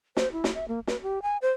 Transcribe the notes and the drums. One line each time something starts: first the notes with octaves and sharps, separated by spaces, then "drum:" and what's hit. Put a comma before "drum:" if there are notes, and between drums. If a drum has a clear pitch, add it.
C5, drum: snare
E4
drum: snare
E5
A#3
B4, drum: snare
G4
G#5
C5